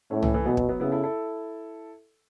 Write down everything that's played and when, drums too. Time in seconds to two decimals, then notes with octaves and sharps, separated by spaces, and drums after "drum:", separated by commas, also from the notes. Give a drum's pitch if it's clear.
0.11 A2 A3 C#4
0.23 E3 A3, drum: tom C2
0.34 E3 A3
0.45 B2 F#3 B3
0.57 F#3, drum: kick
0.69 F#3 B3
0.80 C#3 B3 E4
0.92 E4 A4
1.03 E4 A4